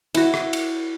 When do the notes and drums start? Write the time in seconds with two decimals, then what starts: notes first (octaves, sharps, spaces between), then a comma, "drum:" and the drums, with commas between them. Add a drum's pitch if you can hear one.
0.15 E4 F#4, drum: cymbal
0.34 drum: rim click
0.53 drum: cymbal